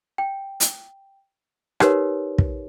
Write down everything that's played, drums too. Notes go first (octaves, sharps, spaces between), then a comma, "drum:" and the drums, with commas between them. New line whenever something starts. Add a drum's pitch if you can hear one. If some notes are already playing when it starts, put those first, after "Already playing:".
G5
drum: hi-hat
D#4 G4 A#4 B4 C#5, drum: rim click
drum: kick